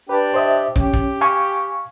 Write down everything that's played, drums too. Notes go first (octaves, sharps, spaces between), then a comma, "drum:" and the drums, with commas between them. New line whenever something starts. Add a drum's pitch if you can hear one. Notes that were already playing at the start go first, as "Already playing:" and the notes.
D4 G4 B4
C5 D#5 E5
C#4 G4, drum: kick
drum: kick
F5 G#5 C#6